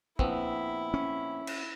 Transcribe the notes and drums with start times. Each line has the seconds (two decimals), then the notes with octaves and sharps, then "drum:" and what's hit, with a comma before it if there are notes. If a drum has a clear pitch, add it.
0.19 A#1 B3 C4 E4, drum: kick
0.94 C#4
1.47 drum: cymbal